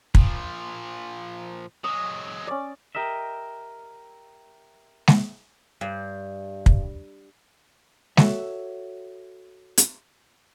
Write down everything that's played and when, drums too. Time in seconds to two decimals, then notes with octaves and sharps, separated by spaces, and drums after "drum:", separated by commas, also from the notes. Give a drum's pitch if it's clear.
0.15 A#2 F3, drum: kick
1.84 F#3 G#3 D#6
2.47 C#4 D5
2.95 G4 A#4 D#5 E5
5.08 drum: snare
5.81 G2
6.66 drum: kick
8.17 F#4 A4 C#5 E5, drum: snare
9.78 drum: hi-hat